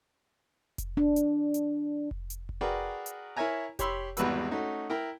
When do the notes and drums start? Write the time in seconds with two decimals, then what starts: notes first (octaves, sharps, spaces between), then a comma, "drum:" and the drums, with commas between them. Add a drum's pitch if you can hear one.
0.78 drum: kick F1, hi-hat
0.97 D4
1.16 drum: hi-hat
1.54 drum: hi-hat
2.11 drum: kick F1
2.30 drum: hi-hat
2.49 drum: kick F1
2.61 F#4 G#4 A#4 B4 D5 G5
3.06 drum: hi-hat
3.36 E4 A#4 C#5 E5 G#5 A#5
3.79 G4 C#5 B5 C6 E6, drum: kick F1, hi-hat
4.17 G#1 E2 G3 F#4 B4 E6, drum: hi-hat
4.51 A3 C#4 D#4 F#4
4.90 E4 A#4 G5 A#5